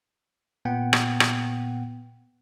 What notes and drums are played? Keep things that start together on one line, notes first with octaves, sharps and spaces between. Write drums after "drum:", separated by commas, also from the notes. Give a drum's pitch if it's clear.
A#2 B3 F#5 G5
drum: rim click
drum: rim click